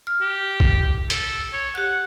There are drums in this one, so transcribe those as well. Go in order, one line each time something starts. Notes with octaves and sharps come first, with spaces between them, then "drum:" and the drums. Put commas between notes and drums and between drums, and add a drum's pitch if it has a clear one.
F6
G4
drum: kick
A4, drum: hi-hat
C#5
G4 F#5 F#6